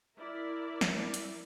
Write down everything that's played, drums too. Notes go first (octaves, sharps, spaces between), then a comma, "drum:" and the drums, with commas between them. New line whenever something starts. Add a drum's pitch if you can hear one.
E4 A#4 D5 E5
drum: snare
drum: hi-hat